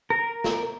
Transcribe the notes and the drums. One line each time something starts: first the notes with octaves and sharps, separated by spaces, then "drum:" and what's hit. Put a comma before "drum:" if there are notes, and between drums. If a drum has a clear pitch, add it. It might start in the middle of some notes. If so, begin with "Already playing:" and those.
A#4
drum: snare